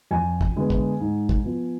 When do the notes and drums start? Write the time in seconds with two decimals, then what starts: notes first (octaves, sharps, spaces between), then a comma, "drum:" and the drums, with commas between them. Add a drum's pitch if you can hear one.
0.11 F2 G#5
0.41 drum: kick
0.56 D3 G#3 B3
0.70 drum: kick
1.00 G#2
1.29 drum: kick
1.44 F3 B3